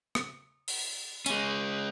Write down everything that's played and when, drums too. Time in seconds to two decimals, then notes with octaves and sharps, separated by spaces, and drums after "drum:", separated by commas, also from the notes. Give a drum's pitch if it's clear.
0.15 drum: rim click
0.68 drum: open hi-hat
1.26 G#3 C#4, drum: hi-hat